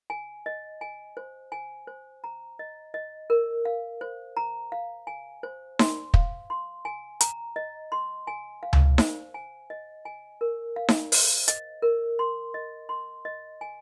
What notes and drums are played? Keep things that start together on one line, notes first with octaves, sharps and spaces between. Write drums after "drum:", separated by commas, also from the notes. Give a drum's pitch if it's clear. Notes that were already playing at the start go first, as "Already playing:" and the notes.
G#5
D#5
G#5
C5
G#5
C5
A#5
D#5
D#5
A#4
F5
C5
A#5
F5
G#5
C5
C6, drum: snare D#4
F5, drum: kick
C6
G#5
A#5, drum: hi-hat
D#5
C6
G#5
F5
drum: tom C#2
C5, drum: snare D#4
G#5
D#5
G#5
A#4
F5
drum: snare D#4
C5, drum: open hi-hat
D#5, drum: hi-hat
A#4
C6
D#5
C6
D#5
G#5